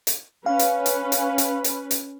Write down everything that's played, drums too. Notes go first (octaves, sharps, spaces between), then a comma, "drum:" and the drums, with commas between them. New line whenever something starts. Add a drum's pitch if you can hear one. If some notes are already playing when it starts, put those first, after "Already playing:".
drum: hi-hat
C#4 B4 F5
drum: hi-hat
drum: hi-hat
drum: hi-hat
drum: hi-hat
drum: hi-hat
drum: hi-hat